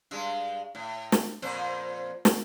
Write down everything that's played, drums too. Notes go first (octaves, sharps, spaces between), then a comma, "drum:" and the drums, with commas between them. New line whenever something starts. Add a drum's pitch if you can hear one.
G2 G#3
A2
drum: snare
F2 A#2 C5
drum: snare